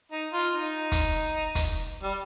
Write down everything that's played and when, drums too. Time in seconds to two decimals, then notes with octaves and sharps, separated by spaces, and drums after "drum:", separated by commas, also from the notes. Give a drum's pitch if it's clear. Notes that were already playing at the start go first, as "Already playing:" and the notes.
0.12 D#4
0.33 F4
0.54 D#4
0.92 drum: kick, hi-hat
1.55 drum: kick, hi-hat
2.03 G3